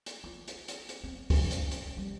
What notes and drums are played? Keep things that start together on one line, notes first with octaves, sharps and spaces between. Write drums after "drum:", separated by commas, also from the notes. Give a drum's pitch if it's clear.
drum: hi-hat
F4
drum: hi-hat
drum: hi-hat
drum: hi-hat
C4
C#4, drum: kick, open hi-hat
drum: hi-hat
drum: hi-hat
G3